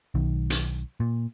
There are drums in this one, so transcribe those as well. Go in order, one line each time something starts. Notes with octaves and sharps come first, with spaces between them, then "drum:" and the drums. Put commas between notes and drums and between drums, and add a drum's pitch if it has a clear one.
B1 D#3
drum: hi-hat
A#2